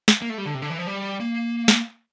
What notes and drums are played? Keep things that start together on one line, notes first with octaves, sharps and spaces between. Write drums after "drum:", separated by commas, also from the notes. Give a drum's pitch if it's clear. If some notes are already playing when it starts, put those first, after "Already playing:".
drum: snare
A#3
A3
G3
D3
C3
D3
E3
F3
G3
A#3
drum: snare